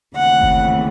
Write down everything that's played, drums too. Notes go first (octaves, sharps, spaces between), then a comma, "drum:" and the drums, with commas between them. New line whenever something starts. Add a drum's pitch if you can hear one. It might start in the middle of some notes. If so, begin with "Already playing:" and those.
D#2 C#3 E3 A3 C4 F#5
drum: kick F#1